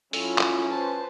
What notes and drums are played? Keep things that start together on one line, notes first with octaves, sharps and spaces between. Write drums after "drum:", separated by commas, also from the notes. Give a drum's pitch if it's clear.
F#3 C#4 E4 F4 A4, drum: open hi-hat
drum: clap
B4 C5 A5